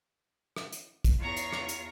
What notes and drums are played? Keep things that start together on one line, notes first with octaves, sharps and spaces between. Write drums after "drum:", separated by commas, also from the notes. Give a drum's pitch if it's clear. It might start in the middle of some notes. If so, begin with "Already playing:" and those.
drum: rim click
drum: hi-hat
drum: kick, hi-hat
E2 F4 C#5 A#5 C#6
drum: hi-hat
drum: rim click
drum: hi-hat